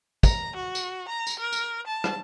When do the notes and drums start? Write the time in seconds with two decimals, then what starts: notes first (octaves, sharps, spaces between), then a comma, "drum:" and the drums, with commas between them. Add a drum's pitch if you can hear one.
0.23 A#5, drum: kick, tambourine
0.56 F#4
0.75 drum: tambourine
1.09 A#5
1.27 drum: tambourine
1.39 A#4
1.52 drum: tambourine
1.87 A5
2.04 drum: rim click